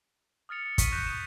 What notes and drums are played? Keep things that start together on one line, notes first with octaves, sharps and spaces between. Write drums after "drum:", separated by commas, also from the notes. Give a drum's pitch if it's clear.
D#6 F6 A6 C#7 F7
C#7
C#6 D#6 B6 D#7, drum: kick, hi-hat
C#6 F#6 G6 A#6 C#7 E7
D#6 E7